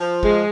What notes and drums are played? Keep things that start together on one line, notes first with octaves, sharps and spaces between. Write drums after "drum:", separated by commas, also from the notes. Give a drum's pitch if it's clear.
F3
G#3, drum: kick